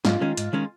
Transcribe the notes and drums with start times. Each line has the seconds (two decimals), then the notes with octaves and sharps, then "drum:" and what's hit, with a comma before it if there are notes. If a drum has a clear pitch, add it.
0.05 G#2 F4, drum: snare
0.21 D#3 G#3 C#4
0.37 G#2, drum: hi-hat
0.53 D#3 G#3 C#4